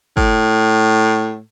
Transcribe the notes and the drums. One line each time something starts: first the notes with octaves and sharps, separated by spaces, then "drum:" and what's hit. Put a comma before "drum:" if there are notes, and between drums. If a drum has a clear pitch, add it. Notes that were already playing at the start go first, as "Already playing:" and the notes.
A2, drum: kick